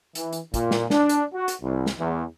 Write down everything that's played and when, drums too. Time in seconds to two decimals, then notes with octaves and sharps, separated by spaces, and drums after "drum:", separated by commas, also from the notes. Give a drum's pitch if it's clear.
0.15 E3, drum: hi-hat
0.33 drum: hi-hat
0.54 A#2, drum: kick, hi-hat
0.71 drum: snare
0.90 D4, drum: snare
1.09 drum: hi-hat
1.34 F#4
1.48 drum: hi-hat
1.62 C2
1.86 drum: snare
1.98 E2